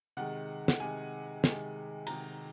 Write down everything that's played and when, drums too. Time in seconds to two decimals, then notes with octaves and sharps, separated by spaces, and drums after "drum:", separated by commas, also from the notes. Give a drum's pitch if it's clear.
0.17 C3 D#3 G#3 F#5
0.68 F#5, drum: snare
0.80 C3 D#3 G#3 G#5
1.44 C3 D#3 G#3, drum: snare
2.07 C3 D#3 G#3 A#5, drum: cymbal